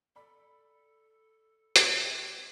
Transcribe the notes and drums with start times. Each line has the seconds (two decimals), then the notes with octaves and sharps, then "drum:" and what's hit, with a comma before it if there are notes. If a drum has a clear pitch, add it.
0.16 A4 D5 B5
1.76 drum: hi-hat
1.97 G#3